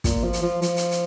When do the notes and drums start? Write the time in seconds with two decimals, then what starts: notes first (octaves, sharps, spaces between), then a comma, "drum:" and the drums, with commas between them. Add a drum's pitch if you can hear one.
0.04 A#2, drum: kick, hi-hat
0.23 F3
0.33 drum: hi-hat
0.43 F3
0.62 F3, drum: hi-hat
0.77 drum: hi-hat
0.91 drum: hi-hat